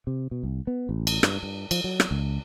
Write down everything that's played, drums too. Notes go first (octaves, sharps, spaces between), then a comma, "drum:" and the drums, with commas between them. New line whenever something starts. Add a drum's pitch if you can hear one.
C3
B2
C2
B3
A1
drum: cymbal
G2, drum: rim click
G2
F3, drum: cymbal
F#3
drum: rim click
C#2